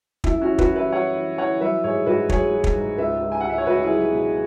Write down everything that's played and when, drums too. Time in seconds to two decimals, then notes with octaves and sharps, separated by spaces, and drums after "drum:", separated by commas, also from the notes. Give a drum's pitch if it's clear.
0.24 F#2 E4, drum: kick
0.41 C#4 F#4
0.47 E3
0.58 F#4 B4, drum: kick
0.70 E3
0.76 B4 E5
0.92 F#2 C#5 F#5
1.15 E3
1.38 E3 C#5 F#5
1.61 F#3 B4 E5
1.84 G#2 G#4 C#5
2.06 G#2 F#4 B4
2.29 F#3 G#4 C#5, drum: kick
2.52 F#3
2.64 drum: kick
2.75 G#2
2.98 C#2 B4 E5
3.21 C#2
3.32 G#5
3.41 C#2 F#5
3.49 E5
3.58 C#5
3.66 C#2 F#4 B4
3.84 E4 G#4
3.89 F#3
4.12 B2